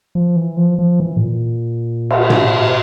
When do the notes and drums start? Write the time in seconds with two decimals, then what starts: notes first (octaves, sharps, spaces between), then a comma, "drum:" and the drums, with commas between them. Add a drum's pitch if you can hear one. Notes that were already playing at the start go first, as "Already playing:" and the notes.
0.15 F3
0.36 E3
0.57 F3
0.78 F3
1.00 E3
1.17 A2
1.21 A#2
2.10 drum: cymbal
2.30 drum: tom